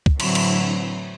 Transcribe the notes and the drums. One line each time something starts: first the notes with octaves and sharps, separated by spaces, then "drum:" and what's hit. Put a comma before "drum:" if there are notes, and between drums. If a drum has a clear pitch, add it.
drum: kick
A2 D3 E3 F#3 C4 E4, drum: cymbal
drum: cymbal